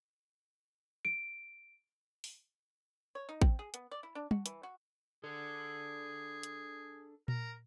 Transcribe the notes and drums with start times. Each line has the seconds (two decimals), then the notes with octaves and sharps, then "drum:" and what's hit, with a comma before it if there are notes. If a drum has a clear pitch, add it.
1.05 D7
2.24 drum: open hi-hat
3.15 C#5
3.29 D#4
3.42 C4, drum: kick A1
3.59 G#4
3.74 B3, drum: hi-hat
3.91 D5
4.03 E4
4.15 D4
4.31 F#4, drum: tom
4.46 E3, drum: hi-hat
4.63 F#4
5.24 D4 G#4 A4
6.43 drum: hi-hat
7.28 A#4, drum: tom A#2